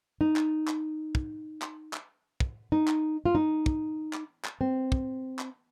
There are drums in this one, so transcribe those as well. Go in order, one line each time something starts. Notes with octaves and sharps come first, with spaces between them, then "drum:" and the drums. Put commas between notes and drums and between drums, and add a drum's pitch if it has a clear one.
D#4
drum: clap
drum: clap
drum: kick
drum: clap
drum: clap
drum: kick
D#4
drum: clap
F4
D#4
drum: kick
drum: clap
drum: clap
C4
drum: kick
drum: clap